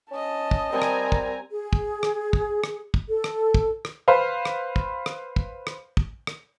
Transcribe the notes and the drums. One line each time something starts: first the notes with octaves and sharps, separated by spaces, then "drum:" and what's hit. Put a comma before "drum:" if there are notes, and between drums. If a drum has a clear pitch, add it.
C#4 D#5 A5
drum: kick
G3 C4 A#4 G#5 A#5
drum: rim click
drum: kick
G#4
drum: kick
drum: rim click
drum: kick
drum: rim click
drum: kick
A4
drum: rim click
drum: kick
drum: rim click
B4 C5 F5
drum: rim click
drum: kick
drum: rim click
drum: kick
drum: rim click
drum: kick
drum: rim click